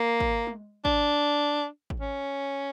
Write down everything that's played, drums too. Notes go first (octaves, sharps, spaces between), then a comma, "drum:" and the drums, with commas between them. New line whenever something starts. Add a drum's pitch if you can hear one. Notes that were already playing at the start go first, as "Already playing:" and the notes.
Already playing: A#3
drum: kick G#1
drum: tom G#3
D4, drum: kick G#1
drum: kick G#1
C#4